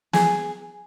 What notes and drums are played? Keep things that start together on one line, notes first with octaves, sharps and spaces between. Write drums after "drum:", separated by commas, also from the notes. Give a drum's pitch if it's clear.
G#4, drum: snare